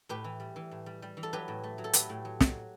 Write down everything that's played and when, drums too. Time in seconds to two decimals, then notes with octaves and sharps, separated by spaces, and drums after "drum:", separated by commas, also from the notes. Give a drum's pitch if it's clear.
0.09 A2 G4 B4
0.24 E3
0.40 G3
0.56 E3
0.71 A2
0.86 G3
1.02 G3
1.17 E3
1.23 A4
1.33 F#3 G4 B4
1.48 A2
1.64 A3
1.78 F#3
1.84 A4
1.93 F#3 G4 B4, drum: hi-hat
2.09 A2
2.25 F#3
2.41 F#3, drum: snare